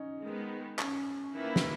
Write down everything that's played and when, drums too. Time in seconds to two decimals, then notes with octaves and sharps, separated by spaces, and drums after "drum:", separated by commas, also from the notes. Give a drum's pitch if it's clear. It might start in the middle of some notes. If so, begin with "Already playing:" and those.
Already playing: C#4 D#4
0.24 D#3 G#3 B3
0.79 C#4, drum: clap
1.34 D#3 A#3 E4 B4
1.56 drum: snare